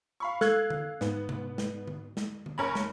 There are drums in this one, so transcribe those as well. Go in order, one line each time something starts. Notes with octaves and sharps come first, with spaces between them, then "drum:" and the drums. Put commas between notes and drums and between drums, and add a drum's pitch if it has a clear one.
F5 B5 C#6
A4 F5 F#6 G#6, drum: snare
drum: tom D3
G#2 B3, drum: snare
drum: tom C3
drum: snare
drum: tom D3
drum: snare
drum: tom D3
F#1 C#4 A#4 B5
drum: snare